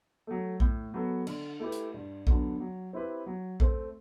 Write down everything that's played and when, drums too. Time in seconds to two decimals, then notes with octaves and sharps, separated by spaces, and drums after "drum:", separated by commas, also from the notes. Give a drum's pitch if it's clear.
0.27 F#3 A3
0.60 A2, drum: kick A#1
0.94 F#3 B3 F#4 A4
1.27 D3, drum: cymbal
1.60 A3 E4 G4 B4
1.72 drum: hi-hat
1.94 G2
2.27 D3 F#3 B3 D4, drum: kick A#1
2.60 F#3
2.93 C4 E4 G4 B4
3.26 F#3
3.60 A3 C4, drum: kick A#1